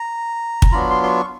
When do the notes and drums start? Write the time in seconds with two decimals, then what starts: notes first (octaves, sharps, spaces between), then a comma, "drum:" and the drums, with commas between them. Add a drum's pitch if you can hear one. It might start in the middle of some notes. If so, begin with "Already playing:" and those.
Already playing: A#5
0.62 drum: kick
0.72 F#3 B3 D4 F4 B5
0.90 C6
1.03 C6
1.08 C#6